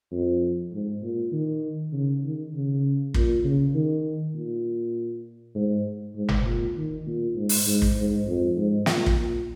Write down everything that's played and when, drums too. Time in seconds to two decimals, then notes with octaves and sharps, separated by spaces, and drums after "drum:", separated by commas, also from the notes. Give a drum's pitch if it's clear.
0.12 F2
0.73 G#2
1.02 A#2
1.33 D#3
1.93 C#3
2.24 D#3
2.54 C#3
3.14 A#2, drum: kick
3.44 C#3
3.75 D#3
4.34 A#2
5.55 G#2
6.15 G#2
6.28 drum: tom G1
6.45 A#2
6.76 D#3
7.06 A#2
7.36 G#2
7.49 drum: open hi-hat
7.67 G#2
7.82 drum: kick
7.96 G#2
8.26 F2
8.56 G#2
8.86 A#2, drum: snare
9.06 drum: kick
9.17 A#2